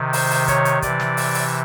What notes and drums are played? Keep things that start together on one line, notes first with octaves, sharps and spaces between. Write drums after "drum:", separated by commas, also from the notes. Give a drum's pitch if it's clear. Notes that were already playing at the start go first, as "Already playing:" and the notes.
Already playing: C3 D#3
C5, drum: open hi-hat
drum: open hi-hat
C#5, drum: kick, hi-hat
drum: hi-hat
C3 E3 D5, drum: kick, hi-hat
drum: snare
drum: open hi-hat
drum: open hi-hat